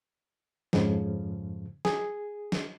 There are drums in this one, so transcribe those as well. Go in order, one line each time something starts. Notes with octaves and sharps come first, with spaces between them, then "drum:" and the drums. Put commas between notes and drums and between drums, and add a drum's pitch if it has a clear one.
F2 G#2 C#3 F3, drum: snare
G#4, drum: snare
drum: snare